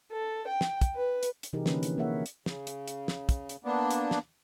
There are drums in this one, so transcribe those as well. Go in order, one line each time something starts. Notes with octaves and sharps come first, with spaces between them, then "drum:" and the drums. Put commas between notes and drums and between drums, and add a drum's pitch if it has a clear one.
A4
G5
drum: snare
drum: kick, hi-hat
B4
drum: hi-hat
drum: hi-hat
C3 E3 D#4 G4 G#4 A#4
D3 E3 A#3 C#4 B4, drum: snare
F3, drum: hi-hat
A#3 G#4 A#4 C#5 E5 F#5
E4
drum: hi-hat
C#3, drum: snare
drum: hi-hat
drum: hi-hat
drum: snare
drum: kick, hi-hat
drum: hi-hat
A#3 B3 D4
drum: hi-hat
drum: snare